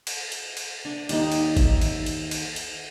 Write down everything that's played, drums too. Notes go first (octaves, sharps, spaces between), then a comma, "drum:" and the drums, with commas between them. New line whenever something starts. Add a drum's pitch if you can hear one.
drum: cymbal
drum: cymbal
drum: cymbal
D4
D#2 D#4 G4 D5, drum: cymbal
drum: cymbal
E5, drum: kick G#1, cymbal
drum: cymbal
drum: cymbal
drum: cymbal
drum: cymbal